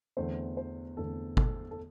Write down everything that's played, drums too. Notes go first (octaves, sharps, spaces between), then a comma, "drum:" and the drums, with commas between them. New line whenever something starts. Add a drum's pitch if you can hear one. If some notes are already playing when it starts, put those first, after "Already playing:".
E2 D3 A3 C4 C5
C5
E2 D3 A3 C4 A4
A4, drum: kick G1
A4